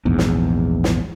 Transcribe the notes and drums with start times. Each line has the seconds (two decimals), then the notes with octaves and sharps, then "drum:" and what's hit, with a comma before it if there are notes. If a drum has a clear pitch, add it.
0.05 A#1 E2 G#2
0.19 drum: snare
0.84 drum: snare